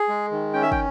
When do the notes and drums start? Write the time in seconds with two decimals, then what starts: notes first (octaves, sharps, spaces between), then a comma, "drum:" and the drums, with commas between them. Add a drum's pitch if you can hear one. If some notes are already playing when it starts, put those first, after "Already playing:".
Already playing: G#4
0.08 G#3
0.31 D#3
0.53 C#4 G5
0.62 E5
0.72 G5, drum: kick